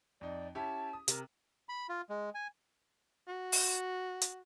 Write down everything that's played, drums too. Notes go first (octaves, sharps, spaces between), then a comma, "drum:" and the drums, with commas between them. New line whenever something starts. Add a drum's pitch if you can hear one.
F2 D#4 D5
C#4 E4 G4 A5
D#6
C3 A#4, drum: hi-hat
B5
F4
G#3
G#5
F#4
drum: open hi-hat
drum: hi-hat